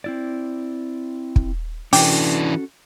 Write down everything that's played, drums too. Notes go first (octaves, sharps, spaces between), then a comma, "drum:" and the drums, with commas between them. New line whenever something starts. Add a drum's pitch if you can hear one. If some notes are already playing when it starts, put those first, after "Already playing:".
C4 E4 D5
drum: kick
E3 C#4 D4 F#4 A4 G5 D6, drum: open hi-hat